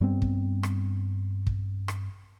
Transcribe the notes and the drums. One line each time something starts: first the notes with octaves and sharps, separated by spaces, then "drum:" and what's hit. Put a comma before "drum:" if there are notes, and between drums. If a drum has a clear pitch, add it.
G2 G3 B3 C4
drum: kick
drum: rim click
drum: kick
drum: rim click